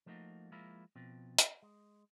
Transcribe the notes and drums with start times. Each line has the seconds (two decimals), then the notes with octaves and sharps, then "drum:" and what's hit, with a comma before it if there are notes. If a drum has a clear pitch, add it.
0.06 F3 A3 A#3 D#4 F#4
0.52 F3 G#3 A#3 E4 F4
0.96 B2 F3 C4
1.38 drum: hi-hat
1.62 G#3